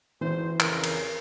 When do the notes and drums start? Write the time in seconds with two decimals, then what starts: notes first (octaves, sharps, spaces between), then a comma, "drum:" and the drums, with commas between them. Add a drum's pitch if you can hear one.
0.21 G#1 E3 C5
0.60 F2 C#3 A#4, drum: clap
0.84 drum: cymbal